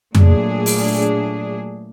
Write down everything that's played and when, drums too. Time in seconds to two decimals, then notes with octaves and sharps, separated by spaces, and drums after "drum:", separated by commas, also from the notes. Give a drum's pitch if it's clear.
0.15 A#2 F#3 A3 D4 G#4, drum: tom F2
0.66 drum: open hi-hat